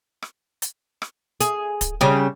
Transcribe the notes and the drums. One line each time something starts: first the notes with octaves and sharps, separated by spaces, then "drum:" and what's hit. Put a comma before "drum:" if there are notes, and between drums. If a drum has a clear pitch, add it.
drum: rim click
drum: hi-hat
drum: rim click
G#4, drum: hi-hat
drum: kick, hi-hat
C#3 G3